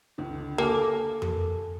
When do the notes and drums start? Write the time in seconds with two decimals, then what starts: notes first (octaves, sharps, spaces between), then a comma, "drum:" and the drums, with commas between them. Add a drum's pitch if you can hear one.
0.18 C#2 D3
0.58 A#3 A4 G#5 D6
1.22 A4, drum: tom F2